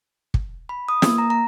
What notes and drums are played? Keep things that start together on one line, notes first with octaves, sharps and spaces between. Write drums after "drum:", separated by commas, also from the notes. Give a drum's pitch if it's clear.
drum: kick
B5
D#6
A#3, drum: snare
A#5
A#5